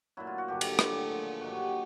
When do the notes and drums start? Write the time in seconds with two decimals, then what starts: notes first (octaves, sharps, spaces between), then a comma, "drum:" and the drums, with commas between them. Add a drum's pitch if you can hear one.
0.17 A#2 F#3 E4
0.27 F4
0.38 F#4
0.48 G2 D3 F#3 G4
0.61 drum: cymbal
0.79 A2 F#3 G4, drum: rim click
0.94 G#4
1.10 A#2 F3
1.41 G2 D#3 F#3 F#4
1.51 G4
1.62 F#4